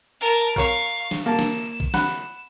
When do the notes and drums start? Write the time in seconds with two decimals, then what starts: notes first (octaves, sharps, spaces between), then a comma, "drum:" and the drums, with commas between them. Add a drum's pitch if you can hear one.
0.21 A#4 A5
0.56 A#4 C#5 F5 C#6, drum: kick A#1
1.11 drum: snare
1.26 A#3 A5 E7
1.39 drum: snare
1.80 drum: kick A#1
1.94 F#5 B5, drum: snare